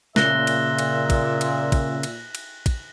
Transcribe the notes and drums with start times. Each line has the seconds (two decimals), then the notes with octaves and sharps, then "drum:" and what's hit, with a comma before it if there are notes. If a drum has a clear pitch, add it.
0.16 A#2 C#3 E5 F#6 A#6 G7, drum: snare
0.47 drum: cymbal
0.79 drum: cymbal
1.10 drum: kick, cymbal
1.41 drum: cymbal
1.72 drum: kick, cymbal
2.03 drum: cymbal
2.35 drum: cymbal
2.66 drum: kick, cymbal